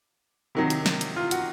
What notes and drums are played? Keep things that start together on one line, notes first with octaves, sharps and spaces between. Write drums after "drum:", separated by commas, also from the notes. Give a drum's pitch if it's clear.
C3 D#3 F#3
drum: hi-hat
drum: snare
drum: hi-hat
F4
F#4, drum: hi-hat